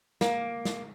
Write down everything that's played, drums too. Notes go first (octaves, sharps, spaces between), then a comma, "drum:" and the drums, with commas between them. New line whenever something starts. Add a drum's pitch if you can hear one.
A#3, drum: snare
drum: snare